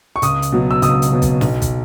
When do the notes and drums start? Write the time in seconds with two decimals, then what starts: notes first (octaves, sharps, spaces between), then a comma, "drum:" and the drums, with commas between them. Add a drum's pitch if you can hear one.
0.16 C#6
0.22 C#2 D#6, drum: hi-hat
0.42 drum: hi-hat
0.52 B2 F#3
0.71 E6
0.82 C#2 D#6, drum: hi-hat
1.02 drum: hi-hat
1.12 B2 F#3
1.22 drum: kick, hi-hat
1.41 B1, drum: snare
1.62 drum: kick, hi-hat